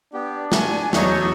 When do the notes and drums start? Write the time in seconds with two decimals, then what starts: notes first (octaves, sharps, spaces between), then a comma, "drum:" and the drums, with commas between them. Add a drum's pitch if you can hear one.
0.14 B3 D4 G4
0.52 B3 G4 G#5 C#6, drum: snare
0.93 E2 F#3 D#4 A4 C#5 C#6, drum: snare